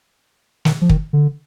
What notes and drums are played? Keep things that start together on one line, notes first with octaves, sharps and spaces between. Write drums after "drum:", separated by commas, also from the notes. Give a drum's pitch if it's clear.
D#3, drum: snare
F3
D#3, drum: kick
D3